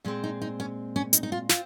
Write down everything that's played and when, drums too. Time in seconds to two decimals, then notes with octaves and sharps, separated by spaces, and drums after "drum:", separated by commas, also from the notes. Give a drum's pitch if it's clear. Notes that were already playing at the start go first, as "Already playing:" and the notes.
0.04 A#2 G#3 C4 G4
0.24 D#4
0.42 D#4
0.60 C#4
0.96 C#4
1.13 D#4, drum: hi-hat
1.23 D#4
1.32 F4
1.49 C4 F4, drum: snare